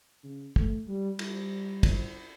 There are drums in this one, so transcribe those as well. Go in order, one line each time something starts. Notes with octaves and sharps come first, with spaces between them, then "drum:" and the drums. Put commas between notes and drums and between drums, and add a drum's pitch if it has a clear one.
C#3
A3, drum: kick
G3
G3, drum: cymbal
drum: kick, cymbal